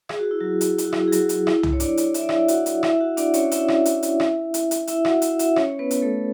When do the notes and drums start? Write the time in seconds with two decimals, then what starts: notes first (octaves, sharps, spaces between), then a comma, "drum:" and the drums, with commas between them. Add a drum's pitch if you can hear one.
0.09 G#4, drum: rim click
0.19 F#4
0.31 E4
0.40 F#3 F#4
0.61 drum: hi-hat
0.78 E4, drum: hi-hat
0.85 F#4
0.93 E4, drum: rim click
1.08 G#4
1.12 F#3 F#4, drum: hi-hat
1.29 drum: hi-hat
1.47 E4, drum: rim click
1.63 drum: tom
1.73 C#5
1.80 D4 D5, drum: hi-hat
1.97 drum: hi-hat
2.14 E5, drum: hi-hat
2.22 D5
2.29 E4 E5, drum: rim click
2.48 F#4 F#5, drum: hi-hat
2.66 drum: hi-hat
2.83 E4 E5, drum: rim click
3.01 F#4 F#5
3.17 D4 D5, drum: hi-hat
3.34 C#4 C#5, drum: hi-hat
3.51 E4 E5, drum: hi-hat
3.68 drum: rim click
3.85 drum: hi-hat
4.03 drum: hi-hat
4.20 drum: rim click
4.54 drum: hi-hat
4.71 drum: hi-hat
4.87 E4 E5, drum: hi-hat
5.05 F#4 F#5, drum: rim click
5.22 E4 E5, drum: hi-hat
5.39 E4 E5, drum: hi-hat
5.56 C#4 C#5, drum: rim click
5.79 B3 B4
5.91 drum: hi-hat
6.02 A3 A4